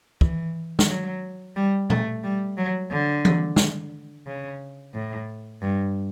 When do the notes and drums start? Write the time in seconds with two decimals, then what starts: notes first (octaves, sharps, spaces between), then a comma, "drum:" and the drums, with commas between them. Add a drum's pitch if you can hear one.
0.21 E3, drum: kick
0.79 drum: snare
0.88 F#3
1.56 G3
1.90 A3, drum: tom A#2
2.24 G3
2.57 F#3
2.91 D3
3.25 drum: tom E3
3.56 drum: snare
4.27 C#3
4.94 A2
5.62 G2